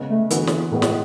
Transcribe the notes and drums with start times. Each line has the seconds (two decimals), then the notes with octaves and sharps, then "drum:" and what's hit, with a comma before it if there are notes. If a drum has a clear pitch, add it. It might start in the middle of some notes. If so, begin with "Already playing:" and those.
Already playing: C#3 G#3 B3
0.09 A3
0.30 D3 E3 B3 F#4, drum: hi-hat
0.47 drum: snare
0.71 A2 G#3 B3 F#4
0.82 drum: snare